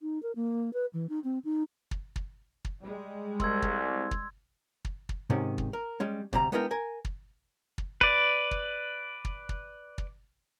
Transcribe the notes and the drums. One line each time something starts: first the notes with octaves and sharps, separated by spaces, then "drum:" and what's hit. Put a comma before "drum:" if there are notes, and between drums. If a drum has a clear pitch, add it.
D#4
A#4
A#3
B4
E3
D#4
C4
D#4
drum: kick
drum: kick
drum: kick
G3 G#3
C2 C6 E6 G#6, drum: kick
drum: kick
drum: kick
drum: kick
drum: kick
G#2 C3 D#3 C#4
drum: kick
A#4
G3 G#3 C#4
D2 C3 G3 A#5, drum: kick
G#3 B3 D4 E4 A#4 G5
A#4 G#5
drum: kick
drum: kick
B4 D5, drum: kick
drum: kick
drum: kick
drum: kick
drum: kick